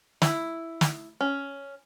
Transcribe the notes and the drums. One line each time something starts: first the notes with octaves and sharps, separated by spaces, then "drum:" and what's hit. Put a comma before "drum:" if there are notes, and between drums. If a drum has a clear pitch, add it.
E4, drum: snare
drum: snare
C#4